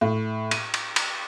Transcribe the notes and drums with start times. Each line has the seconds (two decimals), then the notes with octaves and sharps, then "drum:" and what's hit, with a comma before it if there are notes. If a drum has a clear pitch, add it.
0.01 A2
0.51 D#7, drum: cymbal
0.74 drum: cymbal
0.96 drum: cymbal